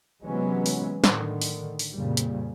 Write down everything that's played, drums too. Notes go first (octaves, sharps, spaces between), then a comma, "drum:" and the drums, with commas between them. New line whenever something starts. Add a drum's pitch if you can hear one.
C3 E3 F#3 G#3 B3 C#4
drum: open hi-hat
A2 D3 D#3, drum: snare
drum: open hi-hat
drum: open hi-hat
F2 A#2 C#3 G3
drum: hi-hat